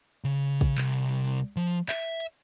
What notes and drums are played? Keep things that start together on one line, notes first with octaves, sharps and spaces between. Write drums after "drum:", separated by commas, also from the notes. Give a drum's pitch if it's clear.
C#3
drum: kick, hi-hat
C2, drum: clap
drum: hi-hat
drum: hi-hat
F3
E5, drum: clap
drum: hi-hat